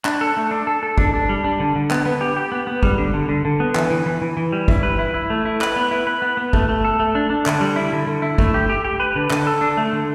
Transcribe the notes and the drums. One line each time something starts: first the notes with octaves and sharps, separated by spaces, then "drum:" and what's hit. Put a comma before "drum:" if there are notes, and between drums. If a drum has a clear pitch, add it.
D4, drum: clap
A4
A3
D4
A4
A4
D4, drum: kick
D4
G3
D4
D3
D3
B3, drum: clap
B3
G4
G4
B3
B3
G3, drum: kick
D3
D3
D3
D3
B3
E3, drum: clap
E3
E3
E3
E3
G3
E4, drum: kick
B4
E4
E4
A3
E4
B4, drum: clap
B3
E4
B4
B3
B3
A3, drum: kick
A3
A4
A3
D4
D4
D3, drum: clap
G3
E4
D3
D3
E4
A3, drum: kick
G4
G4
G4
B4
D3
D3, drum: clap
A4
D4
A3
D3